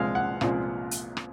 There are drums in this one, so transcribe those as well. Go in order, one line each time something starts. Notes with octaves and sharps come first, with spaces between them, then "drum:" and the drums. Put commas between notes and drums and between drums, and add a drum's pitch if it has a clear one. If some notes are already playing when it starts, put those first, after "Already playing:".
Already playing: C2 A#2 F3 G#3 F5
F#5
C2 A#2 F3 G#3, drum: rim click
drum: hi-hat
drum: rim click